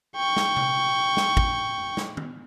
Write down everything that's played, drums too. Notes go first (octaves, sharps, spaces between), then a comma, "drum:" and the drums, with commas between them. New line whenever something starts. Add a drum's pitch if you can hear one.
G5 C#6
drum: snare
drum: tom C3
drum: snare
drum: kick
drum: snare
drum: tom